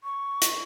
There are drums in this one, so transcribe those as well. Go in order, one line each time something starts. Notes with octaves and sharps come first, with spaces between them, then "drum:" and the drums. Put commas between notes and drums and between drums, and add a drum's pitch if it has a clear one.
C#6
drum: hi-hat